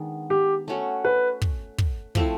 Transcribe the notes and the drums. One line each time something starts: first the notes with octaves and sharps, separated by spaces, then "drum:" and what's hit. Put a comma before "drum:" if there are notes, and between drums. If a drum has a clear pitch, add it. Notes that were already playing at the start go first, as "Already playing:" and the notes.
Already playing: D#3 G#3 B3 D4
G4
A3 C#4 F#4
B4
drum: kick
drum: kick
F3 A3 C4 E4, drum: kick